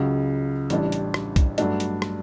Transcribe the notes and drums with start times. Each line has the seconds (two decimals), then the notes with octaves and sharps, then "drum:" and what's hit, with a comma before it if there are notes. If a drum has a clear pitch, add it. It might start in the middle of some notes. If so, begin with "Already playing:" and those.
Already playing: C#2 C#3 F#3
0.70 A1 A2 G3 D4, drum: hi-hat
0.92 drum: hi-hat
1.14 drum: rim click
1.36 drum: kick, hi-hat
1.58 G2 F#3 A3 D4, drum: hi-hat
1.80 drum: hi-hat
2.02 drum: rim click